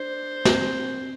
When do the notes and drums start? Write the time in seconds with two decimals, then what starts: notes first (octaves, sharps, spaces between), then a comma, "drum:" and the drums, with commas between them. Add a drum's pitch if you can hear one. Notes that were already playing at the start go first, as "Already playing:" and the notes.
Already playing: D4 C5
0.45 C4, drum: snare